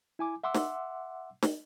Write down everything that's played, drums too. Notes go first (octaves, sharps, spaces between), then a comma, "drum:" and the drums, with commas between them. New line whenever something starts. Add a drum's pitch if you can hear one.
E4 G#5 D6
E5 F#5 C6 D6 E6
drum: snare
drum: snare